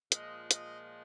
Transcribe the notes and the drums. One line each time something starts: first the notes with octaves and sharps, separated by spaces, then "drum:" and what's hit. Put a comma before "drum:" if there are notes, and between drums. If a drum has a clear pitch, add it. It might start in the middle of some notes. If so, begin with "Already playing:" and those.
A#2 F3 G#3 D#5, drum: hi-hat
D#5, drum: hi-hat